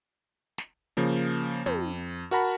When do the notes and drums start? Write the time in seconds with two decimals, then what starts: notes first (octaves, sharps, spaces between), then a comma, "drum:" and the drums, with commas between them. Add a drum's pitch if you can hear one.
0.58 drum: snare
0.97 C#3 F3 A#3
1.66 F2, drum: tom
2.31 F#4 A#4 F#5 A5 B5